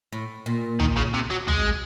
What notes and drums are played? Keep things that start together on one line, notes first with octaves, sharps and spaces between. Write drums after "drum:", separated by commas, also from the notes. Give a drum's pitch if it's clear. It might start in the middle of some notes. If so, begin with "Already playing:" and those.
A2
A#2
D#3, drum: tom
C#3
C3
F#3
G#3, drum: tom